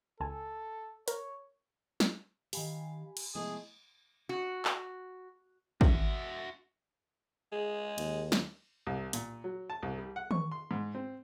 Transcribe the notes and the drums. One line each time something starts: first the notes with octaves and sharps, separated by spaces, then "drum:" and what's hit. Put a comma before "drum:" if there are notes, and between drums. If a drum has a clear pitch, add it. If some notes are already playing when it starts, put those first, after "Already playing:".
C#2 A4 G#5 A5
A#4 C#5, drum: hi-hat
drum: snare
D#3 G4 F5 G#5 B5, drum: open hi-hat
drum: cymbal
C3 F3 G#3 A3 B3 E4 G#4
F#4
drum: clap
F#4 E5, drum: kick
G#3 G#4
D#2, drum: cymbal
drum: snare
C2
A#2, drum: hi-hat
F#3
A5
C2
G3
F#5
C#6, drum: tom D#3
C6
G#2
C4